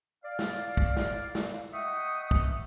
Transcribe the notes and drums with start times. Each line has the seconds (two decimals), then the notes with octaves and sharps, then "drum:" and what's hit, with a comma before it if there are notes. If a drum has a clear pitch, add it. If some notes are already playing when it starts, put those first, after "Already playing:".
0.25 D5 F5
0.39 drum: snare
0.77 drum: kick
0.97 drum: snare
1.35 drum: snare
1.73 D#5 E5 F#5 G5 C#6 D#6
2.31 drum: kick